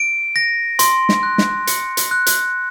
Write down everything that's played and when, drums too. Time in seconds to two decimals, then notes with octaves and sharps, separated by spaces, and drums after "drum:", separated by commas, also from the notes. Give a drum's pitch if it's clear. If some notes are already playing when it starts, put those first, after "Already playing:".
Already playing: D7
0.36 A#6
0.79 C6, drum: hi-hat
1.09 drum: snare
1.23 F#6
1.38 drum: snare
1.67 C#7, drum: hi-hat
1.97 drum: hi-hat
2.11 F#6
2.27 drum: hi-hat